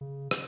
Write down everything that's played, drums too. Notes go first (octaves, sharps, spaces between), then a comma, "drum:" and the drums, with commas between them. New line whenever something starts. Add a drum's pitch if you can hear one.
C#3
drum: rim click